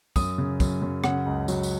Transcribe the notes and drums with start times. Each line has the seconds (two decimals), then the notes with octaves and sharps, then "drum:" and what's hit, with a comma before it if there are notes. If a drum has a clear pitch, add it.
0.16 F#2 D#6, drum: kick, tambourine
0.38 C#3
0.60 F#2, drum: kick, tambourine
0.82 F#2
1.04 C#3 F#5, drum: rim click
1.26 C#2
1.48 F#3, drum: tambourine
1.63 drum: tambourine